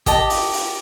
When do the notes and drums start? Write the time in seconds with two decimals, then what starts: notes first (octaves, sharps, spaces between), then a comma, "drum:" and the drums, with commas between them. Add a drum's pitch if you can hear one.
0.06 G4 D#5 A5, drum: kick, hi-hat
0.30 drum: open hi-hat
0.53 drum: open hi-hat